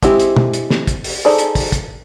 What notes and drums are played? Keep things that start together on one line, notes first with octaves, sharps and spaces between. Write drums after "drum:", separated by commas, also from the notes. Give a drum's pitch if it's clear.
G#3 C4 E4 G4 C5, drum: kick, hi-hat
drum: hi-hat
drum: tom
drum: hi-hat
drum: snare
drum: kick, hi-hat
drum: open hi-hat
D#4 G#4 A4 C5 D5
drum: hi-hat
drum: kick, open hi-hat
drum: kick, hi-hat